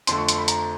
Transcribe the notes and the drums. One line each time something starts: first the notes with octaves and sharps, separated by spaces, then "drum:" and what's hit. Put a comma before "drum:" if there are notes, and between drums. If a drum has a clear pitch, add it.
F2 D3 F3 A3 C6, drum: hi-hat
C#6
C6, drum: hi-hat
B5
A#5, drum: hi-hat